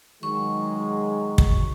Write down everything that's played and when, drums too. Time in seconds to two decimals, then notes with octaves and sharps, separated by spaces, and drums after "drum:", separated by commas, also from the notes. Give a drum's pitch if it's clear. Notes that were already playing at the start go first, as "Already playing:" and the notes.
0.23 D#3 F#3 G#3 C#6
1.38 drum: kick